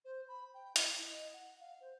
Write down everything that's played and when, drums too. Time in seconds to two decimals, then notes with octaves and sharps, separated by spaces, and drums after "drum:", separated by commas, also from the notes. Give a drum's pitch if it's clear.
0.05 C5
0.28 B5
0.54 G5
0.76 E4, drum: hi-hat
1.02 D#5
1.33 F#5
1.60 F5
1.81 C5